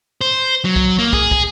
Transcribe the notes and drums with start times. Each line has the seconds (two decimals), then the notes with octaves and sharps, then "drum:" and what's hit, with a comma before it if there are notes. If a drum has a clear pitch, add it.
0.21 C5
0.65 F#3
0.76 drum: kick
0.99 A#3
1.13 G#4, drum: kick
1.31 drum: kick